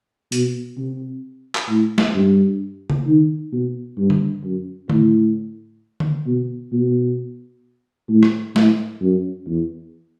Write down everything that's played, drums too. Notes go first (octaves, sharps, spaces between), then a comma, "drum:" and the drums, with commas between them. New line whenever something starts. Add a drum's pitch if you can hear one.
B2, drum: hi-hat
C3
drum: clap
A2
drum: snare
G2
drum: tom C#3
D#3
B2
G2
drum: tom D3
F#2
A2, drum: tom D3
drum: tom D3
B2
B2
A2
drum: rim click
A2, drum: snare
F#2
E2